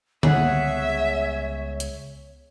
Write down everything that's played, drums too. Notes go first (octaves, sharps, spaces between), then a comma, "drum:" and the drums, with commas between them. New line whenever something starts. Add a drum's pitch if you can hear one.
C#2 G3 B3 G#4 C#5 E5 F#5, drum: tom D3
drum: hi-hat